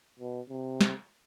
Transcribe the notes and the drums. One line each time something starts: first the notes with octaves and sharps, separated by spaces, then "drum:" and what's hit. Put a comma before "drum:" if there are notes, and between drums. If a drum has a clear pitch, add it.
B2
C3
drum: snare